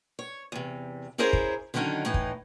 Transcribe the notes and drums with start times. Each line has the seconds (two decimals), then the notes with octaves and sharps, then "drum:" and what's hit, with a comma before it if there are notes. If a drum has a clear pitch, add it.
0.19 C#5
0.52 E2 C3
1.18 C#4 E4 G#4 A#4 C5 C#5
1.33 drum: kick
1.74 D3 D#3 F#3 C#4 D#4
2.05 A2 E3 D#4
2.14 drum: kick